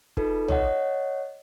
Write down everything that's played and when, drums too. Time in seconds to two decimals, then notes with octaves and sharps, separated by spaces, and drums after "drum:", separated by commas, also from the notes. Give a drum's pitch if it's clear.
0.17 D#4 F4 G#4 A4 B4, drum: kick
0.48 C#5 D#5 F#5, drum: tom B1